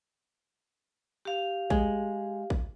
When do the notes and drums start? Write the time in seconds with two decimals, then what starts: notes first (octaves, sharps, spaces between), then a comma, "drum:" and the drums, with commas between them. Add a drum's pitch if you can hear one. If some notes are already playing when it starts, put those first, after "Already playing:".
1.25 G4 F5
1.70 G#3, drum: kick A1
2.50 drum: kick A1